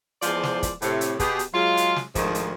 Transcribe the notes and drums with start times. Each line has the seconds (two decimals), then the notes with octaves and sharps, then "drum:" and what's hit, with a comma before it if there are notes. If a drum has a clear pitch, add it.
0.22 E2 F3 G#3 F4 C5 D5, drum: hi-hat
0.43 drum: snare
0.63 drum: kick, hi-hat
0.82 A2 C3, drum: hi-hat
1.01 drum: hi-hat
1.19 B2 G4 G#4, drum: kick, hi-hat
1.39 drum: hi-hat
1.53 F#3 G#3 F4
1.77 drum: hi-hat
1.96 drum: snare
2.15 D2 G#2 D#3 F3, drum: kick, hi-hat
2.35 drum: hi-hat